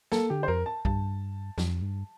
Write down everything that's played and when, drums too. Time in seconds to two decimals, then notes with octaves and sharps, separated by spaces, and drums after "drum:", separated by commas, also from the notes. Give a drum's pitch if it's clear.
0.12 A#3 A4, drum: snare
0.30 D3 G4
0.43 C5
0.48 F2 A#4
0.66 A5
0.85 G2 A5, drum: kick B1
1.58 F2, drum: snare
1.82 G2